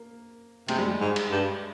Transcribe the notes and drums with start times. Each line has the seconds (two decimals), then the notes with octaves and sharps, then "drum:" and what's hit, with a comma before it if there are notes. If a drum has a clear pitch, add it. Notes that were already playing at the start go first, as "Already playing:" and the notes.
Already playing: A#3
0.68 C3 G#3, drum: cymbal
0.78 G3
0.88 G#3
1.01 G#2
1.16 drum: cymbal
1.31 G2